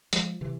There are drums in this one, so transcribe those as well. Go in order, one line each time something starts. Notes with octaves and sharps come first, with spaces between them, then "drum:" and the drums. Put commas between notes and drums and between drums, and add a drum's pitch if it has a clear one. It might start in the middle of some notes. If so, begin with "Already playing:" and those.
F3 G#3, drum: hi-hat
C3 E3